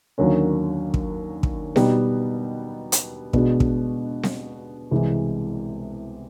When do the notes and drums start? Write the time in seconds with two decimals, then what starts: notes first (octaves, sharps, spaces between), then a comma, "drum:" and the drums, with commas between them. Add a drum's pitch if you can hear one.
0.18 D#2 D3 F#3 A#3 C#4
0.94 drum: kick
1.43 drum: kick
1.76 B2 G3 B3 D#4 G4, drum: snare C4
2.92 drum: hi-hat
3.33 B2 G#3 B3 D4 F#4, drum: kick
3.60 drum: kick
4.23 drum: snare C4
4.91 C2 C3 E3 G#3